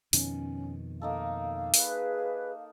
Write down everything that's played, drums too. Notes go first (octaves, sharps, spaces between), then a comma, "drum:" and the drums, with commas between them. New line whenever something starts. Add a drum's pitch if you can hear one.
F2 B2 D#3 C#4, drum: open hi-hat
A#3 D#4 A4 F5
G#4 B4, drum: open hi-hat